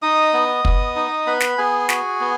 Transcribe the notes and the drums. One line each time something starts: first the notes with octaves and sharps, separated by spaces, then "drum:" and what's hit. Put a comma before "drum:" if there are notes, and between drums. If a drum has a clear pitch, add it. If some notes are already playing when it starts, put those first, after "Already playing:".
D#4 D#5 D#6
B3
B3, drum: kick
D#4
B3 B4 B5
drum: snare
B3 G#4 G#5
F#4, drum: snare
B3